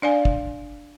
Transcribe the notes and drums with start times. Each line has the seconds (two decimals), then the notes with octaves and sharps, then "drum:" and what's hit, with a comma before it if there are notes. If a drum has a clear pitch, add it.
0.02 D4 D5 F5 G#5
0.25 drum: kick